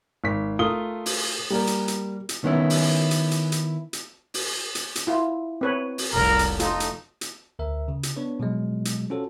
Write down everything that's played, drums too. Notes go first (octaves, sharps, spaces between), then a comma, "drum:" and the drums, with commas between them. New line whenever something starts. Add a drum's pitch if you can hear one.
G#1 B6
A3 F4 A#4 D#6 G7
drum: open hi-hat
G3 A#3 A#4
drum: hi-hat
drum: hi-hat
drum: hi-hat
D#3 B3 C#4 E4
drum: open hi-hat
drum: hi-hat
drum: hi-hat
drum: hi-hat
drum: hi-hat
drum: open hi-hat
drum: hi-hat
drum: hi-hat
E4 F4
C4 B4 C#5
drum: open hi-hat
F1 C2 A#4
drum: hi-hat
A3 D#4 F4, drum: hi-hat
drum: hi-hat
drum: hi-hat
D2 A#4 E5
C#3
drum: hi-hat
B3 D4 B4 C#5
B2 F3 F#3 G#3
drum: hi-hat
C#4 F4 F#4 A4 C5 C#5